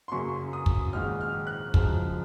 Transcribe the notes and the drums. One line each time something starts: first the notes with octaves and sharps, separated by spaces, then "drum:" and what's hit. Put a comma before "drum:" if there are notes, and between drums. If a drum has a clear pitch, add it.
C6
F#2 C#3 F#3 A#3 C#6
D#6
drum: kick
A#1 G#2 D#3 G#3 F6
F6
F#6
F#2 C#3 F3 G#3 F6, drum: kick